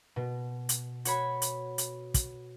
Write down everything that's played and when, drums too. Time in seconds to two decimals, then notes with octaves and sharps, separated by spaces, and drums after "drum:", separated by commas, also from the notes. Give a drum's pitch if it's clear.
0.16 B2
0.69 drum: hi-hat
1.05 F#4 C#5 B5, drum: hi-hat
1.42 drum: hi-hat
1.78 drum: hi-hat
2.14 drum: kick, hi-hat